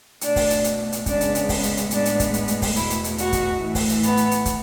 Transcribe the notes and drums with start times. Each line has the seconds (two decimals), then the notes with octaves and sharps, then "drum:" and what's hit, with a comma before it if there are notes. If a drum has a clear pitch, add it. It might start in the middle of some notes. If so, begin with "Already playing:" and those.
0.21 B2 A3 D4, drum: hi-hat
0.36 drum: kick, open hi-hat
0.50 drum: hi-hat
0.64 drum: hi-hat
0.92 drum: hi-hat
1.06 C#3 G#3 B3 D4, drum: kick, hi-hat
1.21 drum: hi-hat
1.35 drum: hi-hat
1.49 drum: kick, open hi-hat
1.63 drum: hi-hat
1.77 drum: hi-hat
1.91 A2 G#3 B3 D4, drum: hi-hat
2.05 drum: hi-hat
2.20 drum: kick, hi-hat
2.34 drum: hi-hat
2.48 drum: hi-hat
2.62 drum: kick, open hi-hat
2.76 E2 B2 A3 E4, drum: hi-hat
2.90 drum: hi-hat
3.04 drum: hi-hat
3.18 F#4, drum: hi-hat
3.32 drum: kick, hi-hat
3.61 A2 E3 A3
3.75 drum: kick, open hi-hat
3.89 drum: hi-hat
4.03 B3, drum: hi-hat
4.17 drum: hi-hat
4.31 drum: hi-hat
4.45 drum: kick, hi-hat